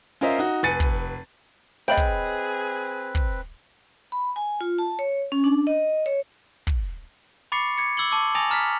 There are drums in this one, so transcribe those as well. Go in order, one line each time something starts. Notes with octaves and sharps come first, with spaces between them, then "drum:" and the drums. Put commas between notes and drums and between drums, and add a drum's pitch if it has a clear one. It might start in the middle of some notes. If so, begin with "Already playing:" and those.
C#4 F4 A#4 C5 D#5 E5
D#4 F#4
F1 B4 G#5 A6 C#7 D#7
drum: kick
C4 G#4 B4 C#5 D#5 G5 B5
drum: kick
drum: kick
B5
G#5
F4
A5
C#5
C#4
D4
D#5
C#5
drum: kick
B5 C#6 D6 A6 C7 C#7
D6 G#6 C#7
D6 E6 G#6 F#7 G7
A5 C#6 D6 E6
G#5 A5 D#6 A6 A#6 F7
A#5 F6 A6 B6